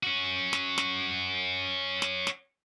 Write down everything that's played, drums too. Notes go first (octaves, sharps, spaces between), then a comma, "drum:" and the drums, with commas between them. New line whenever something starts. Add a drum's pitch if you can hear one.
C#4 F#4
drum: snare
drum: snare
drum: snare
drum: snare